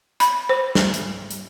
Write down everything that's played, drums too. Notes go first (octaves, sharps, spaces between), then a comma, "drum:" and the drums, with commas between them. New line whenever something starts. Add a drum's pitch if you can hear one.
B5, drum: hi-hat
C5
drum: snare
drum: hi-hat
drum: hi-hat